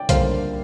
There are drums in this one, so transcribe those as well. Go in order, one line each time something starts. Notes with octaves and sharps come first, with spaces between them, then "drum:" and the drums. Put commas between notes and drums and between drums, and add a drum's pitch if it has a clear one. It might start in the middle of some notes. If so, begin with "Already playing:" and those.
Already playing: D5 G5
D3 G3 A#3 D4 C5 F5, drum: kick B1, hi-hat